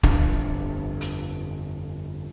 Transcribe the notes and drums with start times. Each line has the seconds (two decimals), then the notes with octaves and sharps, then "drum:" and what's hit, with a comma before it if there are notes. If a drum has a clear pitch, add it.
0.03 G1 F2 D4, drum: kick
1.01 drum: hi-hat